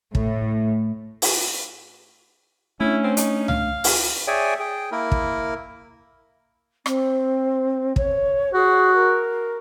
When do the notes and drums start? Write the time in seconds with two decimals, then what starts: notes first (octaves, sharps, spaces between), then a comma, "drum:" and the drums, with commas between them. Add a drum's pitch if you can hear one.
0.15 A2, drum: kick
1.22 drum: open hi-hat
2.80 A3 C#4 D4 E4
3.04 C4
3.17 D#4, drum: hi-hat
3.48 F5, drum: tom C#2
3.84 drum: open hi-hat
4.27 G#4 C#5 D5 E5 G5 G#5
4.60 G#4 G5
4.91 A#3 E4 A#4
5.11 drum: kick
6.86 C4, drum: rim click
7.96 C#5, drum: kick
8.53 F#4 G#4
8.93 A#4